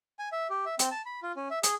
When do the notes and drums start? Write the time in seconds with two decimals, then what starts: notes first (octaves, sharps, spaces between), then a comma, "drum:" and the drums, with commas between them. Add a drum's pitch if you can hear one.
0.19 G#5
0.32 E5
0.50 G4
0.66 E5
0.79 C4, drum: hi-hat
0.91 A5
1.06 B5
1.23 F4
1.36 C#4
1.51 E5
1.63 G#4, drum: hi-hat